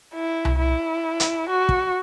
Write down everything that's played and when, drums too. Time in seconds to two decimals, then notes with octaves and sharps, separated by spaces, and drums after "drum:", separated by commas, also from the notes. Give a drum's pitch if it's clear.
0.14 E4
0.45 drum: tom C2
0.59 E4
1.20 drum: hi-hat
1.49 F#4
1.69 drum: kick